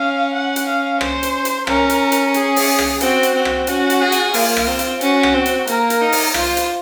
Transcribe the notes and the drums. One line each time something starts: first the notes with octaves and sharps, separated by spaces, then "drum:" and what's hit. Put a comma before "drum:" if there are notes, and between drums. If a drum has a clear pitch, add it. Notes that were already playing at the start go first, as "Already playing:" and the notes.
Already playing: C#4 F5
F#5
drum: hi-hat
F5
C5, drum: rim click
drum: hi-hat
drum: hi-hat
C#4 A#4, drum: rim click
drum: hi-hat
drum: hi-hat
G#4, drum: hi-hat
drum: open hi-hat
drum: rim click
C4 F#4, drum: hi-hat
drum: hi-hat
C4
drum: rim click
C#4 F#4, drum: hi-hat
drum: hi-hat
G#4
drum: hi-hat
A#3 F4, drum: open hi-hat
drum: rim click
C4
drum: hi-hat
C#4 F#4, drum: hi-hat
drum: rim click
C4
drum: hi-hat
A#3 A#4, drum: hi-hat
drum: hi-hat
D#4
drum: open hi-hat
F4 C5, drum: rim click
drum: hi-hat